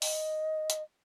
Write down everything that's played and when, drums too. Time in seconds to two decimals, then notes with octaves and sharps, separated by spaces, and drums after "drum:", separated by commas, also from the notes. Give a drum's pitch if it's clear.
0.02 D#5, drum: open hi-hat
0.70 drum: hi-hat